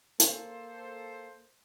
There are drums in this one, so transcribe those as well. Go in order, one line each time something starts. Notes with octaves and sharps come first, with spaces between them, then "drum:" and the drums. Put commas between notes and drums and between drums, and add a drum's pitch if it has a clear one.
A#3 A4 C5, drum: hi-hat